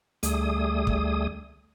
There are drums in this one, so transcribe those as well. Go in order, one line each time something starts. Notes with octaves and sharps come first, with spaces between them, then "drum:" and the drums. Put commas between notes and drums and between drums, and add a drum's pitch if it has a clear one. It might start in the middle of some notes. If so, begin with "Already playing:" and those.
D2 G3 A3 G#4 D#6, drum: hi-hat
drum: kick